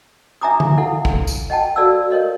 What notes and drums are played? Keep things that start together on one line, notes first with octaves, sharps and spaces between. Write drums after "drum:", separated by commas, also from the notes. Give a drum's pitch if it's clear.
D4 E5 G#5 A#5 D6 D#6
drum: tom
E4 A4 F5 F#5
drum: kick
drum: tambourine
D#5 F#5 G5 A5
F#4 A4 D5 F5 E6
A#4 C#5 D#5 F5